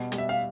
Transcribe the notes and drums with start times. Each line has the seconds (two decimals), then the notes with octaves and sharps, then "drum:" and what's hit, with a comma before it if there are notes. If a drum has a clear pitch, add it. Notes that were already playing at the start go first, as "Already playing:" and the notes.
Already playing: B2 G3
0.12 G3, drum: hi-hat
0.18 E5
0.29 F5